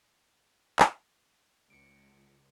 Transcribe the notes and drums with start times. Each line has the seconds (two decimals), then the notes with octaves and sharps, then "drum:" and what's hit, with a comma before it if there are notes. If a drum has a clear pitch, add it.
0.79 drum: clap
1.70 C#2 C#7 D7